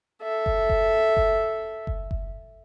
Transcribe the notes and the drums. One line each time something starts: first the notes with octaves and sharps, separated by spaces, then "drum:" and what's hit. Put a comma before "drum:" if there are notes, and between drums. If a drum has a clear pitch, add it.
A4 E5
drum: kick F#1
drum: kick F#1
drum: kick F#1
drum: kick F#1
drum: kick F#1